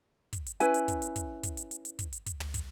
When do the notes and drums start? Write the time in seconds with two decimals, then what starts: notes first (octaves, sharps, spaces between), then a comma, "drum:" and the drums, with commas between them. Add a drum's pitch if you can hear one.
0.33 drum: kick, hi-hat
0.46 drum: hi-hat
0.60 C#4 E4 B4 G#5, drum: hi-hat
0.74 drum: hi-hat
0.88 drum: kick, hi-hat
1.02 drum: hi-hat
1.16 drum: kick, hi-hat
1.43 drum: kick, hi-hat
1.57 drum: hi-hat
1.71 drum: hi-hat
1.85 drum: hi-hat
1.99 drum: kick, hi-hat
2.13 drum: hi-hat
2.26 drum: kick, hi-hat
2.40 drum: tom
2.54 drum: kick, hi-hat